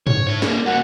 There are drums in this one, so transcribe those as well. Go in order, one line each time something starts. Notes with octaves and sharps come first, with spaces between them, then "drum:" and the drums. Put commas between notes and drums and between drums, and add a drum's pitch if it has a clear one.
C#5, drum: tom G2
E4 C#5
G3 A#3, drum: snare
A#3 F#4 F#5